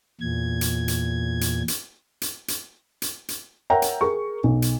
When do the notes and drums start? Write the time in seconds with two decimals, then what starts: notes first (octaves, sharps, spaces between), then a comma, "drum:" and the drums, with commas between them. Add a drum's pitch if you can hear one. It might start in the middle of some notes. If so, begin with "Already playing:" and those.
0.21 E2 A#2 G#6
0.61 drum: hi-hat
0.88 drum: hi-hat
1.41 drum: hi-hat
1.68 drum: hi-hat
2.22 drum: hi-hat
2.48 drum: hi-hat
3.02 drum: hi-hat
3.28 drum: hi-hat
3.70 A#4 C#5 E5 F#5 G5 A#5
3.82 drum: hi-hat
4.01 G#4 A#4 C#6
4.44 B1
4.62 drum: hi-hat